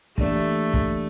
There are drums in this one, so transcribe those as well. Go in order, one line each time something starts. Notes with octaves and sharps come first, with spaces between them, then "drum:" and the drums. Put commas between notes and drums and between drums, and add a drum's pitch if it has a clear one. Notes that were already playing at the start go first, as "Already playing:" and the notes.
E3 A3 A#3 D4 G4 D5, drum: kick
drum: kick